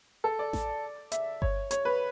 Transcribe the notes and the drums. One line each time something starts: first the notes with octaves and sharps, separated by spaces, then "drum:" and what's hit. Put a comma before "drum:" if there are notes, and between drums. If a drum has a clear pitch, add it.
A4
D5
drum: snare A1
E5, drum: hi-hat
C#5, drum: kick G1
C#5, drum: hi-hat
B4